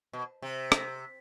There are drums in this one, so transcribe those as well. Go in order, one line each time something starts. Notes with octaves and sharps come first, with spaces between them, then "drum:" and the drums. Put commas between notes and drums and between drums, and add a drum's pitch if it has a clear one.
B2
C3
drum: rim click